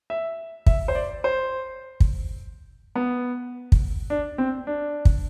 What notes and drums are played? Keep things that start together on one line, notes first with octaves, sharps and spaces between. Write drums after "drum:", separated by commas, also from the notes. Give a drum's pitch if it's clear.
E5
E5, drum: kick
C5
D5
C5
drum: kick
B3
drum: kick
D4
C4
D4
drum: kick